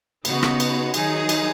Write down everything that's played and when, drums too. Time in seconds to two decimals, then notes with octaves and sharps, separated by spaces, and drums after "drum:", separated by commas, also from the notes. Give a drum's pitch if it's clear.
0.25 C#3 B3 D#4 F#4, drum: cymbal
0.43 drum: rim click
0.60 drum: cymbal
0.94 D#3 F#3 D#4 G#4, drum: cymbal
1.29 drum: cymbal